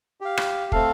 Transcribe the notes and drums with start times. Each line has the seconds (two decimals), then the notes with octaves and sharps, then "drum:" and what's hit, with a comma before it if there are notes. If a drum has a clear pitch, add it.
0.21 G4 F5
0.37 drum: rim click
0.72 A3 C4 A4 F5, drum: kick